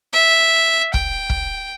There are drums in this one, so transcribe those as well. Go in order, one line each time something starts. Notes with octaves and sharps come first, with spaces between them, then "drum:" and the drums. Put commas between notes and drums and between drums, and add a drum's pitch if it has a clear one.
E5
G5, drum: kick
drum: kick